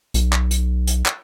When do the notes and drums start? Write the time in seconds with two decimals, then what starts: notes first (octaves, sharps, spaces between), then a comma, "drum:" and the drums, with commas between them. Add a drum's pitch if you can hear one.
0.14 B1, drum: hi-hat
0.33 drum: clap
0.51 drum: hi-hat
0.87 drum: hi-hat
1.06 drum: clap